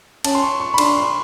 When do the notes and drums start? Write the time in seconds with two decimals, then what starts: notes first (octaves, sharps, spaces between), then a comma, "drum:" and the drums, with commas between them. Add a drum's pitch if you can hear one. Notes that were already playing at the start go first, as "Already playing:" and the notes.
0.24 C#4 A5, drum: cymbal
0.35 C6
0.42 C#6
0.60 C#6
0.74 B5
0.78 D4 C6, drum: cymbal
0.97 C6